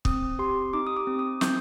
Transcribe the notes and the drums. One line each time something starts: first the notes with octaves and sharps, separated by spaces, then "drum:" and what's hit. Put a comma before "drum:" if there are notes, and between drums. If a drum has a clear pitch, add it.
C4 D#6, drum: kick
G4 C6
D#4 D6
D#6
D6
C4
D#6
C4 G6, drum: snare